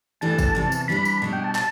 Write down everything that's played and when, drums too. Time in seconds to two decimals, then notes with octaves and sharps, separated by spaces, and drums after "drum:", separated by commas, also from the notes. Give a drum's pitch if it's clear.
0.21 A2 E3 G3 D4 A4 A5
0.38 drum: kick A1, tambourine
0.55 E2 C3 E3
0.72 drum: tambourine
0.88 E3 G3 B3 D4 B5
1.05 drum: tambourine
1.22 B2 G3 D4
1.33 G5
1.44 A5
1.55 A5, drum: clap